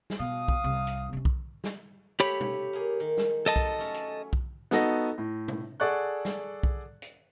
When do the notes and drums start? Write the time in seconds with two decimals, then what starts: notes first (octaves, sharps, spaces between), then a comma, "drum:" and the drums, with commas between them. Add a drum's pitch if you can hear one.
0.10 drum: snare
0.20 B2 F5 D#6
0.48 drum: kick B1
0.64 C2 C3
0.87 drum: hi-hat
1.13 C3 C#4
1.25 drum: kick B1
1.64 drum: snare
2.20 A3 G4 C#5 B5
2.41 drum: tom
2.73 A#3 G#4
3.00 D#3
3.17 drum: snare
3.46 F#3 G3 A4 D#5 A5
3.56 drum: kick B1
3.79 A3 C#4
3.94 drum: hi-hat
4.33 drum: kick B1
4.71 B3 D#4 F#4 A4 D#5 A#6, drum: snare
5.18 A2
5.48 drum: tom
5.80 G#4 A4 D5 F#5 C#6 F#6
6.25 drum: snare
6.63 drum: kick B1
7.02 drum: hi-hat